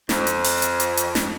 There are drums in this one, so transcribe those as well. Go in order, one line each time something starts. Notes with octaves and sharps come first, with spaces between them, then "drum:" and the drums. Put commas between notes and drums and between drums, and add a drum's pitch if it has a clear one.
F2, drum: snare
drum: hi-hat
drum: open hi-hat
drum: hi-hat
drum: hi-hat
drum: hi-hat
drum: snare